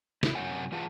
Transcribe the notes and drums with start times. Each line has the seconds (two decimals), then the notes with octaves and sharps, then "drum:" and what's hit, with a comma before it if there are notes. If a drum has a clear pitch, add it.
0.23 E4, drum: snare
0.35 F#2 C3 F#3 C#5 F#5 G#5
0.72 E3 F4 G#4 F#5 A5